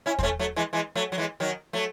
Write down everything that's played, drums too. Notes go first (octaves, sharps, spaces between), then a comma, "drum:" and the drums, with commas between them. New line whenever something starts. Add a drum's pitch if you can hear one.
C#4 E4
C4, drum: kick
A3 C#4
F#3 A3
E3 G#3
E3 G#3
F#3 A3
F#3
E3 G#3
D#3 F#3
F#3 A3